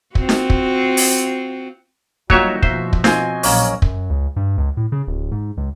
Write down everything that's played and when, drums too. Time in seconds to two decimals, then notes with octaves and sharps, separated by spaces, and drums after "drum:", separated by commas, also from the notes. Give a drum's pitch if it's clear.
0.15 C4 F4 F#4, drum: kick
0.29 drum: snare D#4
0.50 drum: kick
0.97 drum: open hi-hat
2.30 F#3 G3 A#3 D#4 F4 F#4 C#5 E5, drum: kick
2.63 B2 F3 C5 E5, drum: kick
2.93 drum: kick
3.04 C4 F4 D#5 G#5 C6, drum: snare D#4
3.43 A#1 F#3 A#3 C#4, drum: open hi-hat
3.82 F#2, drum: kick
4.10 C#2
4.36 G2
4.58 C#2
4.77 A2
4.92 C#3
5.08 D1
5.32 G#2
5.57 C#2